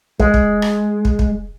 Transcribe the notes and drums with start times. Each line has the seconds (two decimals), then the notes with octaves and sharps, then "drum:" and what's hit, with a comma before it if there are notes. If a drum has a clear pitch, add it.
0.20 G#3, drum: kick
0.34 drum: kick
0.62 drum: rim click
1.05 drum: kick
1.19 drum: kick